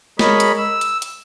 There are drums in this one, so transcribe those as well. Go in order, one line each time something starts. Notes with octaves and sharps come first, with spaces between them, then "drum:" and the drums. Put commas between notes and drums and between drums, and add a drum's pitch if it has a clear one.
G#3 A#4 C#5 D#5 B5, drum: snare
drum: hi-hat
E6
drum: hi-hat
drum: hi-hat